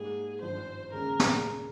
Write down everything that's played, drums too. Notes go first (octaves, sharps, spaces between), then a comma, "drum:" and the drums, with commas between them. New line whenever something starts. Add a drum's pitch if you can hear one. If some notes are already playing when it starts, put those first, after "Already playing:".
Already playing: G#2 G3 A#3 G#4
G#1 G2 F3 C5
D#2 C#3 G#3 C#4 G#4 A#4
drum: snare